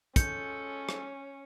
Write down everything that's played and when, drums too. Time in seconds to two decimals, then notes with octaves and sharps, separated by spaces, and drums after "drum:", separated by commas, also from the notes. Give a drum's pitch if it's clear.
0.16 G#3 C#4 F4 A4 G6 C#7, drum: kick, hi-hat
0.89 drum: rim click